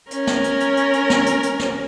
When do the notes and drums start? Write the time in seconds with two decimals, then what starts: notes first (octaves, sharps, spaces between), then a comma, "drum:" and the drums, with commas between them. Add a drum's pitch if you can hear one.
0.11 C#4 A#4, drum: hi-hat
0.27 drum: snare
0.44 drum: hi-hat
0.60 drum: hi-hat
0.77 drum: hi-hat
0.93 drum: hi-hat
1.10 drum: snare
1.26 drum: hi-hat
1.43 drum: hi-hat
1.59 drum: snare